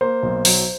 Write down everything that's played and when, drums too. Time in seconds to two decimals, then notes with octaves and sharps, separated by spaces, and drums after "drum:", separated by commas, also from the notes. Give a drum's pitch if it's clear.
0.01 A#3 C5
0.23 B1
0.45 F#3, drum: open hi-hat